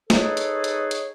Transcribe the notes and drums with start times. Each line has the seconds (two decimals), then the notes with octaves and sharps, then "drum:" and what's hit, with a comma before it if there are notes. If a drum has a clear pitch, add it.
0.10 D#4 G#4 A4 B4 C#5, drum: snare
0.37 drum: hi-hat
0.64 drum: hi-hat
0.91 drum: hi-hat